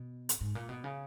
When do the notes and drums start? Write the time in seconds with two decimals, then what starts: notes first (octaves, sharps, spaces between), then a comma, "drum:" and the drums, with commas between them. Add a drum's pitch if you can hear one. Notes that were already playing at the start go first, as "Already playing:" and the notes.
Already playing: B2
0.29 drum: hi-hat
0.41 G#2
0.55 A#2
0.69 B2
0.84 C#3